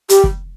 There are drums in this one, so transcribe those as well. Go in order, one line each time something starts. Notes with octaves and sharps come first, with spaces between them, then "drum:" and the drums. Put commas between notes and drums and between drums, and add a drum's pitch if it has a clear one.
G4, drum: hi-hat
drum: kick